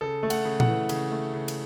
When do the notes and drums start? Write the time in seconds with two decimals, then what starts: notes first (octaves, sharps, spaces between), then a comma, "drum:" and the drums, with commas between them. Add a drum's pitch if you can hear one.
0.01 C#3 A4
0.23 A3
0.30 F#5, drum: cymbal
0.45 C#3
0.60 F#5, drum: tom A#2
0.67 E3
0.89 C#3, drum: cymbal
1.11 A3
1.33 C#3
1.48 drum: cymbal